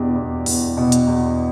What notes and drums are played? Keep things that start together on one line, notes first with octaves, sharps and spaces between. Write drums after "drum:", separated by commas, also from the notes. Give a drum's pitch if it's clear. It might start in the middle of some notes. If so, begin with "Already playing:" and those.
Already playing: E2 B2 D4 G4
E2
E2, drum: open hi-hat
B2
drum: hi-hat
E2